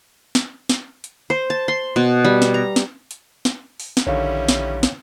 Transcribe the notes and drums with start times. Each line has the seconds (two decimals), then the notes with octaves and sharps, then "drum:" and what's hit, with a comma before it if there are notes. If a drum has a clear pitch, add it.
0.35 drum: snare
0.69 drum: snare
1.04 drum: hi-hat
1.30 C5
1.50 A5
1.68 C6
1.96 B2
2.25 G3
2.42 drum: snare
2.54 A#5
2.76 drum: snare
3.11 drum: hi-hat
3.45 drum: snare
3.80 drum: open hi-hat
3.97 drum: snare
4.07 A#1 D3 D#3 G3 C#4 E4 C#5 F5
4.49 drum: snare
4.83 drum: snare